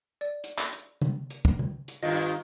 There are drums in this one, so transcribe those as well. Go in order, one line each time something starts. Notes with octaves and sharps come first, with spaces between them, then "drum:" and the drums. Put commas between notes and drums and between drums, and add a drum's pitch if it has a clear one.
D5
drum: hi-hat
drum: clap
drum: hi-hat
drum: tom C3
drum: hi-hat
drum: kick
drum: tom C3
drum: hi-hat
G2 D#3 F4 D#5
drum: hi-hat